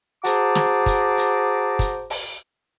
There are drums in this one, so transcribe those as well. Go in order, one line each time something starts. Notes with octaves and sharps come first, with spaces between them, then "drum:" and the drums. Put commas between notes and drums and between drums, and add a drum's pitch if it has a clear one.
F#4 G#4 C5 A5 A#5 D6, drum: hi-hat
drum: snare
drum: kick, hi-hat
drum: hi-hat
drum: kick, hi-hat
drum: open hi-hat